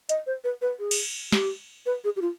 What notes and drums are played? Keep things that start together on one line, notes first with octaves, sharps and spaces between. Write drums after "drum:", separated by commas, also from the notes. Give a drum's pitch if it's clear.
D#5, drum: hi-hat
C5
B4
B4
G#4
drum: cymbal
G4, drum: snare
B4
G#4
G4
F4